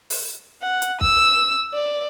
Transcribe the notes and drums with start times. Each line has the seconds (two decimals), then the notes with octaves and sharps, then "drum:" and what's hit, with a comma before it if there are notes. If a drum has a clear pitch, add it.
0.10 drum: open hi-hat
0.62 F#5
0.82 drum: hi-hat
1.01 E6, drum: kick
1.74 D5